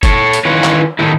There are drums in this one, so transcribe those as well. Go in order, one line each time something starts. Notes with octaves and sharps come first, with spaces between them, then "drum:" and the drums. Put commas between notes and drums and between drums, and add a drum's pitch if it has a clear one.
A4 C#5, drum: kick, hi-hat
drum: hi-hat
D#3 E3 C#4 F4 B4 C#5
drum: clap
A2 D#3 D#4 E4